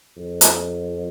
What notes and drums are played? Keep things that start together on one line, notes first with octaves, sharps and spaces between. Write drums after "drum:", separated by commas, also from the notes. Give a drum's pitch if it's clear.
F2
drum: hi-hat